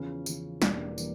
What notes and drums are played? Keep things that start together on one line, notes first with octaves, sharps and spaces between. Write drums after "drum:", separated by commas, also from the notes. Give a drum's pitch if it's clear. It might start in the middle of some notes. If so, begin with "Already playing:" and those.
Already playing: E2 C#3 F3 C#4
E2 C#3 F3, drum: tambourine
E1 E2 E3 G3 A#3 D4, drum: snare
E3 G3 A#3, drum: tambourine